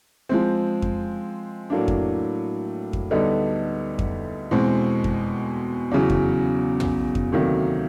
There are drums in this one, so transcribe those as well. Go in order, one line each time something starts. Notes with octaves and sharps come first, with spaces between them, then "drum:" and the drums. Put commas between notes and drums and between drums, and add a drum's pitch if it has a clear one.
F3 G#3 C4
drum: kick F2
A2 F#3 A#3 D4
drum: kick F2
drum: kick F2
D2 D3 G3 B3 D#4
drum: kick F2
E2 B2 G#3 C4
drum: kick F2
E2 C#3 F#3
drum: kick F2
drum: tom
drum: kick F2
D2 C3 D#3 F#3 A#3